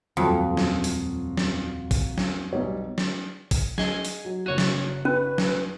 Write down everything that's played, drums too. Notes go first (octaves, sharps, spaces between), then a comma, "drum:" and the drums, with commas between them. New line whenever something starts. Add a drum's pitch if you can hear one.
D#1 F2 F#3 F4 D#6
drum: snare
drum: open hi-hat
drum: snare
drum: kick, open hi-hat
drum: snare
B1 G3 C#5
drum: snare
drum: kick, open hi-hat
G#4 D#5, drum: snare
drum: open hi-hat
F#3
F#1 F#4 C#5 D#7
drum: snare
C#4 B4
drum: snare